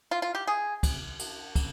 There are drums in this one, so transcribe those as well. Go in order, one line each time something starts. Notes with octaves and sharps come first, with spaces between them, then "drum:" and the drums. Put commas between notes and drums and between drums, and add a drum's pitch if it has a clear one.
F4
F4
G4
G#4
drum: kick, cymbal
drum: cymbal
drum: kick, cymbal